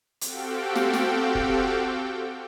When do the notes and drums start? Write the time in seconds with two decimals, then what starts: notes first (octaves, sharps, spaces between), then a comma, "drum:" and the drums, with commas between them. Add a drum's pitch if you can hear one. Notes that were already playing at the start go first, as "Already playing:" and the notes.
0.21 C4 F#4 G4 A4 F5 G5, drum: hi-hat
0.75 drum: snare
0.93 drum: snare
1.35 drum: kick